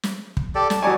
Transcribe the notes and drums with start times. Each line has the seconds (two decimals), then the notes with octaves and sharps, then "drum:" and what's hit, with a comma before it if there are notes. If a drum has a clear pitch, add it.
0.03 drum: snare
0.37 drum: kick
0.55 G4 A4 D5
0.70 A5, drum: snare
0.82 F#3 D#4 G4 C#5 D5 G#5